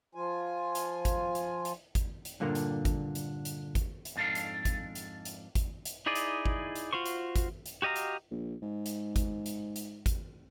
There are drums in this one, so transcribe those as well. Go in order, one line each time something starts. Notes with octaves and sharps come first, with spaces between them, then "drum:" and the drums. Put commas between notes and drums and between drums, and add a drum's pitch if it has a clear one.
F3 F4 G#5
drum: hi-hat
drum: kick G#1, hi-hat
drum: hi-hat
drum: hi-hat
drum: kick G#1, hi-hat
drum: hi-hat
G2 A#2 D3 A#3
drum: hi-hat
drum: kick G#1, hi-hat
drum: hi-hat
drum: hi-hat
drum: kick G#1, hi-hat
drum: hi-hat
F2 G#2 D4 A4 F5
drum: hi-hat
drum: kick G#1, hi-hat
drum: hi-hat
drum: hi-hat
drum: kick G#1, hi-hat
drum: hi-hat
D#4 E4 G#4 D5 D#5
drum: hi-hat
drum: kick G#1
drum: hi-hat
F4 F#4 C5 C#6
drum: hi-hat
drum: kick G#1, hi-hat
drum: hi-hat
F#4 G4 D#5 F5 A#5
drum: hi-hat
A#1
G#2
drum: hi-hat
drum: kick G#1, hi-hat
drum: hi-hat
drum: hi-hat
drum: kick G#1, hi-hat